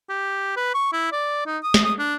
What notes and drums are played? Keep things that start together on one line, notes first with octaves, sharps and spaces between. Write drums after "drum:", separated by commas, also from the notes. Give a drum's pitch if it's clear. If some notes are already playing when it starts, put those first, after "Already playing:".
G4
B4
C#6
E4
D5
D#4
D#6
drum: snare
D#6
D4